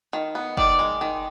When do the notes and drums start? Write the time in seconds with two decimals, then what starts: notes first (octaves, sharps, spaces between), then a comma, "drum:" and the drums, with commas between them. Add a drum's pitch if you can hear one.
0.13 D#3
0.35 B3
0.57 D#3 D5, drum: kick
0.79 G#3
1.01 D#3